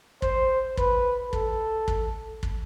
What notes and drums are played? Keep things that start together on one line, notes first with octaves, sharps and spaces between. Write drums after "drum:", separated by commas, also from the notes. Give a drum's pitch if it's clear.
C5, drum: kick
B4, drum: kick
A4, drum: kick
drum: kick
drum: kick